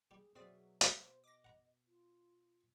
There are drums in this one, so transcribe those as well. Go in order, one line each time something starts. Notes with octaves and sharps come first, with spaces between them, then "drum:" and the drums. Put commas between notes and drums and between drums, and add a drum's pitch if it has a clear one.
G3 G4 G#4
B2 F#3 C4 G#4 D5 E5
drum: hi-hat
C5
D#5 D6 A#6
F#5 A#5
F4